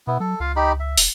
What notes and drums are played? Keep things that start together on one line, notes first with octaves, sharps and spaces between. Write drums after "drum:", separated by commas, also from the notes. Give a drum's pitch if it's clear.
B2 B3 E4
F#3 A4
C#2 F4 F5
D#4 G4 B5
E5
D#1, drum: open hi-hat